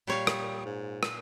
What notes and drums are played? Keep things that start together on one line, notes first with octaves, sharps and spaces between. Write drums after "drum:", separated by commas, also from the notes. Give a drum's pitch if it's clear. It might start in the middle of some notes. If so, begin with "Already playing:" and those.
A#2 G3 C#5 F5
drum: rim click
G#2
drum: rim click